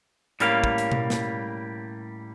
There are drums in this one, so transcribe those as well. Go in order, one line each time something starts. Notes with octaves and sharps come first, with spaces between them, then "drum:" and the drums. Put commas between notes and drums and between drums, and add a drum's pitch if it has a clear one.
A2 G3 A#3 C#4 F5, drum: hi-hat
drum: kick
drum: hi-hat
drum: tom B2
drum: snare